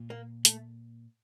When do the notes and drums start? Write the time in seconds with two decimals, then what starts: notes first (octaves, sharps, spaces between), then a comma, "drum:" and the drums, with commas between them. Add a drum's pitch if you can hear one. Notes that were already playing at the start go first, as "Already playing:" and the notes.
Already playing: A#2
0.10 A#3
0.45 A3, drum: hi-hat